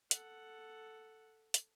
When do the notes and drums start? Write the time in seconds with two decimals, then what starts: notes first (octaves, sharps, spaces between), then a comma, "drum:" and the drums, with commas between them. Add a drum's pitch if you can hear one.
0.11 A4 F#5, drum: hi-hat
1.54 drum: hi-hat